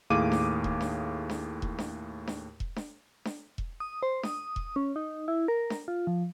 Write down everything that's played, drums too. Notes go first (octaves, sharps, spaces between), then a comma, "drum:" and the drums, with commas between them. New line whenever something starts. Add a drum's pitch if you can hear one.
D#2 A2 G#4 F5 D6 D#7
drum: snare D4
drum: kick E1
drum: snare D4
drum: snare D4
drum: kick E1
drum: snare D4
drum: snare D4
drum: kick E1
drum: snare D4
drum: snare D4
drum: kick E1
D#6
C5
D#6, drum: snare D4
drum: kick E1
C#4
D#4
E4
A#4
drum: snare D4
F4
F3